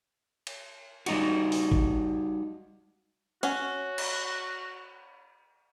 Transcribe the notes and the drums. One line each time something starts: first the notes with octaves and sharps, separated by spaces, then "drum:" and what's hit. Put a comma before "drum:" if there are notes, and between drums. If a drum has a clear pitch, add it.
drum: cymbal
G3 D#4 F#4, drum: cymbal
drum: open hi-hat
drum: kick G#1
C#4 F#4 F#5, drum: hi-hat
drum: cymbal